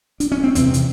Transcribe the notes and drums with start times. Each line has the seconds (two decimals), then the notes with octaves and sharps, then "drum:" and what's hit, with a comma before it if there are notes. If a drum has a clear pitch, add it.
0.20 D4, drum: hi-hat
0.32 C#4
0.44 C4
0.55 E2 C3 C4, drum: hi-hat
0.74 drum: hi-hat